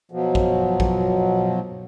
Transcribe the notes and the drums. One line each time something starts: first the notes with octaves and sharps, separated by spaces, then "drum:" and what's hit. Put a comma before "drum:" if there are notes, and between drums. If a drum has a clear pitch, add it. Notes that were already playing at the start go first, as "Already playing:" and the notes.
B2 F3 F#3
drum: kick A1
drum: kick A1